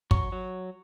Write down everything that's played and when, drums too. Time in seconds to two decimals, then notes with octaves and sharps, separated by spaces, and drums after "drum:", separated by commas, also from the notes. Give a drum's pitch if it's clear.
0.11 F#3 C#6, drum: kick
0.32 F#3